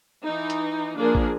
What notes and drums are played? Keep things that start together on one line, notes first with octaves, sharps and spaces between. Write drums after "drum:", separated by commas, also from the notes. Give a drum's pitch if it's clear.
E3 D#4
drum: hi-hat
F3 A#3 D4 G#4 A#4
drum: kick A1